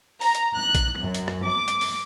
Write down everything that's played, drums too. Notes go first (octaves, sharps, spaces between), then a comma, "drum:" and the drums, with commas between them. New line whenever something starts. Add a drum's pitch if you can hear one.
A#5, drum: open hi-hat
drum: hi-hat
F#6
drum: kick A#1, hi-hat
F#2
drum: hi-hat
drum: rim click
D6
drum: hi-hat
drum: open hi-hat